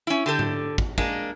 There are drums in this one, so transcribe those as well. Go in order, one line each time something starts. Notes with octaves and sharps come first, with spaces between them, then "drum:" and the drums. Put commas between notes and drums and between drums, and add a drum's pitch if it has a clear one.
C#4 E4
D3 G4 A4
drum: tom G#2
drum: kick
G#3 A#3 D4, drum: kick